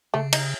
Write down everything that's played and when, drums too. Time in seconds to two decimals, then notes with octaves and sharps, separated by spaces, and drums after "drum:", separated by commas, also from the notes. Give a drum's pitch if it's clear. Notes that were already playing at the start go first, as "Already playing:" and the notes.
0.14 C#3 A3
0.33 D#4, drum: cymbal